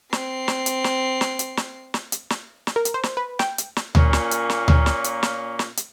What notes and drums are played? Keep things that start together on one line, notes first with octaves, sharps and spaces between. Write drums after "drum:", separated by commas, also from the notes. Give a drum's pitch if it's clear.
C4 C7, drum: snare
drum: snare
drum: hi-hat
drum: snare
drum: snare
drum: hi-hat
drum: snare
drum: snare
drum: hi-hat
drum: snare
drum: snare
A#4
drum: hi-hat
C5
drum: snare
B4
G5, drum: snare
drum: hi-hat
drum: snare
A#2 A#3 C#4, drum: tom D2
drum: snare
drum: hi-hat
drum: snare
drum: tom D2
drum: snare
drum: hi-hat
drum: snare
drum: snare
drum: hi-hat